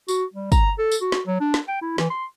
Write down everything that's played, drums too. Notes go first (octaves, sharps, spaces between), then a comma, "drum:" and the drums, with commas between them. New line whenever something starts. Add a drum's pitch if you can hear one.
F#4, drum: tambourine
G3
A#5, drum: kick, tambourine
A4
drum: tambourine
F#4
drum: snare
F#3
D4
drum: snare
G5
E4
E3, drum: snare
C6